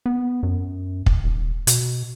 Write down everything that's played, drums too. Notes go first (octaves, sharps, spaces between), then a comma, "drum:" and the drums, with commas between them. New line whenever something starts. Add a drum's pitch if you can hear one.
B3
F#2
drum: kick
D#1
B2, drum: hi-hat